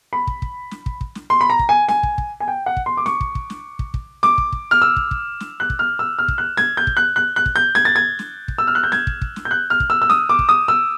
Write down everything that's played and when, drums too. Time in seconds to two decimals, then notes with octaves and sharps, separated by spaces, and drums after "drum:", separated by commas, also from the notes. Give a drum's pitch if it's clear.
0.13 B5
0.27 drum: kick
0.42 drum: kick
0.71 drum: snare
0.86 drum: kick
1.01 drum: kick
1.15 drum: snare
1.30 C6
1.41 B5
1.50 A#5
1.59 drum: kick
1.69 G#5
1.88 G#5, drum: snare
2.03 drum: kick
2.18 drum: kick
2.40 G#5
2.48 G5
2.66 F#5
2.77 drum: kick
2.86 C6
2.97 D6
3.06 C#6, drum: snare
3.21 drum: kick
3.35 drum: kick
3.50 drum: snare
3.79 drum: kick
3.94 drum: kick
4.23 D6, drum: snare
4.38 drum: kick
4.52 drum: kick
4.71 F6
4.82 E6
4.96 drum: kick
5.11 drum: kick
5.40 drum: snare
5.60 F#6
5.70 drum: kick
5.79 F6
5.99 E6
6.19 F6
6.28 drum: kick
6.38 F#6
6.57 G#6, drum: snare
6.77 G6
6.87 drum: kick
6.97 F#6
7.16 F#6
7.36 F#6
7.46 drum: kick
7.56 G6
7.75 G#6, drum: snare
7.85 A6
7.96 G#6
8.19 drum: snare
8.48 drum: kick
8.58 E6
8.67 F6
8.75 F#6
8.84 G6
8.92 G#6, drum: snare
9.07 drum: kick
9.22 drum: kick
9.36 drum: snare
9.45 G6
9.51 F#6
9.70 F6
9.80 drum: kick
9.90 E6
10.02 E6
10.10 D#6, drum: snare
10.29 D6
10.39 drum: kick
10.49 D#6
10.68 E6